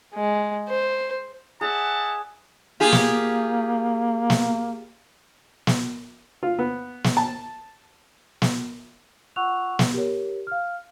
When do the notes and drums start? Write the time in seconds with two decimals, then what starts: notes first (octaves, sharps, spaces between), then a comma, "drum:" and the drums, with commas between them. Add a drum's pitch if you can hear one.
0.14 G#3
0.69 C5
1.61 G#4 D5 E5 F#5 A5
2.80 A#3 F4 G4 G#4
2.92 drum: snare
4.30 drum: snare
5.67 drum: snare
6.43 F4
6.59 B3
7.04 drum: snare
7.17 A5
8.42 drum: snare
9.36 F4 F#5 C#6 E6 F#6 F7
9.79 drum: snare
9.93 G4 A#4 C#5
10.47 F5 F6